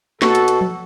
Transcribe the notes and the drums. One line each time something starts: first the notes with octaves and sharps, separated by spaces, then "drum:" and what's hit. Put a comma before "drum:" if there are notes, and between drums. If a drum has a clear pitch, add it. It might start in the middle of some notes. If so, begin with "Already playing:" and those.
B2 F#4 A4, drum: snare
drum: hi-hat
drum: hi-hat
drum: tom F3